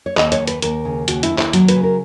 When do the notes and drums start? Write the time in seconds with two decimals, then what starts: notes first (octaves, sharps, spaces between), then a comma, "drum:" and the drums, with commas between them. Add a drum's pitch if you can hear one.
0.06 C#5
0.17 D#2 D#5, drum: clap
0.32 C#5, drum: hi-hat
0.40 D#2
0.47 B4, drum: hi-hat
0.62 D#2 A#4, drum: hi-hat
0.85 C#3
1.08 D#2 F#4, drum: hi-hat
1.23 E4, drum: hi-hat
1.30 D#2
1.38 E4, drum: clap
1.53 F#3 F#4, drum: hi-hat
1.68 B4, drum: hi-hat
1.76 C#3
1.84 A#4